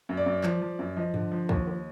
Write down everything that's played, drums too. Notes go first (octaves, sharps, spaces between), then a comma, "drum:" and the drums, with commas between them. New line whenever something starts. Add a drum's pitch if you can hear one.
F#2
D5
F#2
F3, drum: clap
F3
F#2
F3 D#5
D3, drum: tom G2
F3
D#2, drum: kick
D#2